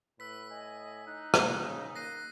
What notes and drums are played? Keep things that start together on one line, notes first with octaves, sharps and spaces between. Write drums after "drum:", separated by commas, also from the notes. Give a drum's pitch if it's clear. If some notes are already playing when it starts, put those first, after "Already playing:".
A2 B4 E6 B6
D#5 G#5
D#4 F#6
drum: rim click
C#3
A#3 F#6 A#6 C7 D#7